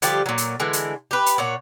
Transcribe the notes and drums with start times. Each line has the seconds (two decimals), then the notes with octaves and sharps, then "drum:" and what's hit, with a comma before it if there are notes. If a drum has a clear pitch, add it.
0.02 D3 F3 G3 G4, drum: hi-hat
0.26 A#2 F#3
0.38 drum: hi-hat
0.60 D3 E3 G#3
0.73 drum: hi-hat
1.11 G4 B4
1.26 drum: hi-hat
1.38 A#2 C#5 F#5